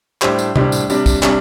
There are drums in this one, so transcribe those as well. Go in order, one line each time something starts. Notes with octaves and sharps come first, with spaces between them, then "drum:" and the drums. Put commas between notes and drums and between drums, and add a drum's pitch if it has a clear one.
A2 G3 D4 G4 C5, drum: clap
drum: tambourine
A2 G3 D4 G4 C5, drum: tom C3
drum: tambourine
C3 G3 D4, drum: tambourine
drum: kick, tambourine
C3 G3 D4, drum: clap